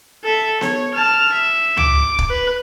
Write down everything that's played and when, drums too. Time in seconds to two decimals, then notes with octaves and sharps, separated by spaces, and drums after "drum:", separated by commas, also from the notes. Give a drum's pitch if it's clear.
0.24 A4 E5
0.61 C#5, drum: snare B3
0.94 A5 F6
1.33 E5
1.78 D6, drum: tom
2.19 drum: kick
2.30 B4